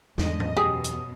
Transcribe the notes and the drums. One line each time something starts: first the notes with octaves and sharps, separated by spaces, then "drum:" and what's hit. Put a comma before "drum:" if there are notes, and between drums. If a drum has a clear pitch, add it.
E2 G#2 D3 D#5, drum: snare
drum: tom A2
F#2 B2 G4 G#4 D#6
drum: hi-hat